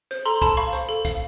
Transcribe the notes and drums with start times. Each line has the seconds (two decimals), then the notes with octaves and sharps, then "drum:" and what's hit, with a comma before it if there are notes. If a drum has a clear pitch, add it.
0.11 C5, drum: hi-hat
0.25 A4 A#5 C6
0.42 A4 A5 B5, drum: kick, hi-hat
0.57 F5 B5 C#6
0.73 C5, drum: hi-hat
0.89 A4
1.05 F5, drum: kick, hi-hat